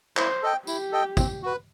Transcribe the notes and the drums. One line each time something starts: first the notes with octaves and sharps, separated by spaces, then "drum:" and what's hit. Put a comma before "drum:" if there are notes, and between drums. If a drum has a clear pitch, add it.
E4 C5, drum: clap
A4 D#5 G5
E4 G4, drum: tambourine
A4 D#5 G5
C4, drum: kick, tambourine
F#4 B4